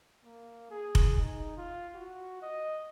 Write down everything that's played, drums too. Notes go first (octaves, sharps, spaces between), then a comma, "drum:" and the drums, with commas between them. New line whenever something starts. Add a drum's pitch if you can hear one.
A#3
G#4
drum: kick F1
D#4
F4
F#4
D#5